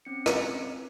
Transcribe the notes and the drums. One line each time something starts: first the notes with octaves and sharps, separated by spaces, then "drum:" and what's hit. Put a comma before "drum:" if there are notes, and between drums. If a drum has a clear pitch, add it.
C4 C#4 C#7
drum: rim click